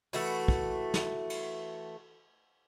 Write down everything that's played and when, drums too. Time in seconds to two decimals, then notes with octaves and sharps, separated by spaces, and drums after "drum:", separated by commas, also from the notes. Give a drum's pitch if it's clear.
0.13 E3 A3 F#4, drum: open hi-hat
0.48 drum: kick
0.94 drum: snare
1.30 drum: cymbal